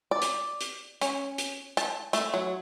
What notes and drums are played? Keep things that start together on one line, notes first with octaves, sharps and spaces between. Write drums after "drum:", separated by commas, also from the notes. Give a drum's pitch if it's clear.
D5
drum: hi-hat
drum: hi-hat
C#4, drum: hi-hat
drum: hi-hat
A5, drum: hi-hat
A3, drum: hi-hat
F#3